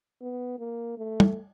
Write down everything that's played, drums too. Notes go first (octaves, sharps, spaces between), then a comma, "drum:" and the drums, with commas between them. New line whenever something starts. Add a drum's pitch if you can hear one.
B3
A#3
A3
drum: tom